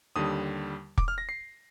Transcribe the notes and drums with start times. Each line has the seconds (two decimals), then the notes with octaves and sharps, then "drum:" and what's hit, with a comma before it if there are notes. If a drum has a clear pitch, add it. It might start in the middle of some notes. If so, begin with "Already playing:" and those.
0.16 D#2 D3 G3 D#6
0.98 D6, drum: kick
1.08 F6
1.18 A#6
1.29 C7